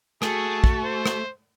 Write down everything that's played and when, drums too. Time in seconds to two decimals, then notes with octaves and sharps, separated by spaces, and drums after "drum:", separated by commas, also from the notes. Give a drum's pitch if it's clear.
0.22 A3 F#4 G#4 A5, drum: rim click
0.64 drum: kick
0.84 C5
1.06 drum: rim click